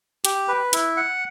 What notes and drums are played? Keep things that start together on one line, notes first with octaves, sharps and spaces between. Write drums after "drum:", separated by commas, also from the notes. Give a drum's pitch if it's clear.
G4, drum: hi-hat
B4
E4, drum: hi-hat
F#5